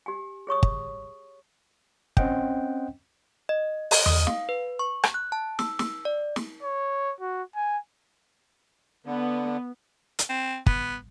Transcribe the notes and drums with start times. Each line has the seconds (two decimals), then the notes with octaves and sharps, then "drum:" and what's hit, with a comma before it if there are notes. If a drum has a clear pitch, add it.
0.06 G4 G#5
0.47 G#4 C#5 C#6 D#6
0.63 drum: kick
2.17 C4 C#4 C5 D#5 F#5 G5, drum: kick
3.49 D#5
3.91 D#5, drum: open hi-hat
4.06 D#6, drum: tom E2
4.27 F5, drum: snare
4.49 B4
4.79 C#6
5.04 drum: rim click
5.14 F#6
5.32 A5
5.59 E6, drum: snare
5.79 E6, drum: snare
6.05 D5
6.36 drum: snare
6.63 C#5
7.21 F#4
7.56 G#5
9.06 D3 B3
10.19 drum: hi-hat
10.29 C4
10.66 B3, drum: kick